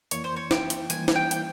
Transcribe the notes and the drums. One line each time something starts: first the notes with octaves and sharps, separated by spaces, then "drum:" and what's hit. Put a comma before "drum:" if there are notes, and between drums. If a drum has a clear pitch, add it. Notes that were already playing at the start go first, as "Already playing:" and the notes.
F2 E3 A#3 E4 C#5, drum: hi-hat
C5
C#5
G5, drum: snare
drum: hi-hat
E3 G3 A#3 E4 G#5, drum: hi-hat
G#5, drum: snare
G5
G5, drum: hi-hat